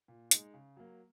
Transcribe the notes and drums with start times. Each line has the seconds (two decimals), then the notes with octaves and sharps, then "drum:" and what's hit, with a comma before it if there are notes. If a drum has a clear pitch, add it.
0.08 A#2
0.31 G#3 D#4, drum: hi-hat
0.54 C#3
0.77 F#3 A#3